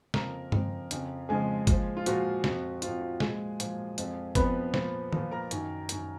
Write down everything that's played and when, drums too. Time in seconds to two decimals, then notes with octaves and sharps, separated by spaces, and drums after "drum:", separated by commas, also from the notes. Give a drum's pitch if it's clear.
0.14 F2 C#3 F3 A#3 A#4, drum: snare
0.52 F2 C#3 F3, drum: tom G2
0.91 F2 C#3 F3, drum: hi-hat
1.29 F2 C#3 F3 G#3 G#4
1.67 A#2 F3, drum: kick, hi-hat
1.97 F4
2.06 A#2 F3 F#4, drum: hi-hat
2.44 F2 F3, drum: snare
2.82 F2 F3 F4, drum: hi-hat
3.01 F4
3.20 A#2 F3 G#3 G#4, drum: snare
3.60 A#2 F3, drum: hi-hat
3.98 F2 F3, drum: hi-hat
4.35 F2 F3 B3 B4, drum: kick, hi-hat
4.74 A#2 F3, drum: snare
5.13 A#2 F3, drum: tom D#3
5.31 A#4 A#5
5.51 F#2 D#3, drum: hi-hat
5.89 F#2 D#3, drum: hi-hat